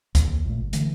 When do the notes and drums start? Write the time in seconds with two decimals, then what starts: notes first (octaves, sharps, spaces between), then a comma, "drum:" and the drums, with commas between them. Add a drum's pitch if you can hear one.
0.15 D#2, drum: kick C2, hi-hat
0.29 D#2
0.45 A#1 A#2 A3
0.60 G1
0.73 D3 E3 A3, drum: hi-hat